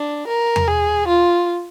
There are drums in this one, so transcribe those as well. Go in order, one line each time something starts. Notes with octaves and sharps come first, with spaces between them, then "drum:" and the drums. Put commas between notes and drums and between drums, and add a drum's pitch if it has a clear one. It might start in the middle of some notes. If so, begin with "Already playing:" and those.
Already playing: D4
A#4
drum: tom E2
G#4
F4